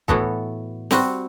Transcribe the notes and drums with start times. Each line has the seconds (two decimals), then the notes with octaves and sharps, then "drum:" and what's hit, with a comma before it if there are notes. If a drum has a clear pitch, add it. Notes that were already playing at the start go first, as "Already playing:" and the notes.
0.08 A2 E3 B3 F#4 A4, drum: kick
0.91 G3 C4 F#4, drum: snare